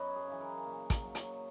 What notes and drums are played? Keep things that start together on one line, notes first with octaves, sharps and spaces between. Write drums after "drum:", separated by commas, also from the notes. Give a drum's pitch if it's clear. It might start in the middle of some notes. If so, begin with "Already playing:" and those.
Already playing: F#2 B4 C#5 D#5
G#4
C#3 E3
A#4
A#2
drum: kick, hi-hat
F#3
drum: hi-hat